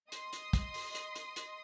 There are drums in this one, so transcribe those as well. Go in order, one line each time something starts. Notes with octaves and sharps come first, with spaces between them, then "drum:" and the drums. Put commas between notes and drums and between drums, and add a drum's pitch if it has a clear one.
D#5 C6 D#6, drum: hi-hat
drum: hi-hat
drum: kick, hi-hat
drum: open hi-hat
drum: hi-hat
drum: hi-hat
drum: hi-hat